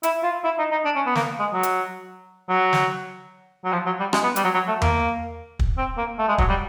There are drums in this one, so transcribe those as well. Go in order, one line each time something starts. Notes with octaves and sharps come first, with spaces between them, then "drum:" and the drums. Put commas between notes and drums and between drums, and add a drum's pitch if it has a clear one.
E4, drum: hi-hat
F4
E4
D#4
D#4
D4
C#4
B3
A#3, drum: snare
G#3
F#3
drum: hi-hat
F#3
drum: snare
F#3
F3
F#3
G3
G#3, drum: rim click
B3
G3, drum: hi-hat
F#3
F#3
A3
A#3, drum: tom E2
drum: kick
C4
A#3
A3
G#3
F#3, drum: kick
G3